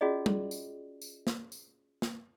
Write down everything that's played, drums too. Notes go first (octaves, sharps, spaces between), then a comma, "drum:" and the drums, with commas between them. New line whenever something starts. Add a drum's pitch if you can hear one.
C#4 F4 F#4 G#4 D5 D#5
drum: tom G3
drum: tambourine
drum: tambourine
drum: snare
drum: tambourine
drum: snare